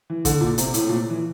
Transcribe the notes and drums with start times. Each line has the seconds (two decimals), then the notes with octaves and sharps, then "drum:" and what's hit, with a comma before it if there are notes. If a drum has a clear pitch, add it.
0.10 E3
0.25 D3, drum: kick, hi-hat
0.41 A#2
0.58 C3, drum: hi-hat
0.74 A2, drum: hi-hat
0.89 A#2
1.10 E3